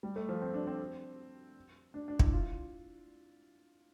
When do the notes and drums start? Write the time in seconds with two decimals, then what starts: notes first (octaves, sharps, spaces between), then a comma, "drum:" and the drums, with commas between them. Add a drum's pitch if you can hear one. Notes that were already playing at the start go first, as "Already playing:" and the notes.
0.03 G3
0.16 A3
0.29 F3
0.42 C4
0.54 D4
0.67 C4
1.94 D4
2.08 D4
2.19 E4, drum: kick
2.33 F4